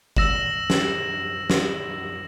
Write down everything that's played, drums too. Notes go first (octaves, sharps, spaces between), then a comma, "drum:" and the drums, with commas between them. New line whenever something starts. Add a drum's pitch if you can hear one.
E6 A#6 E7 F#7, drum: kick G1
drum: snare
drum: snare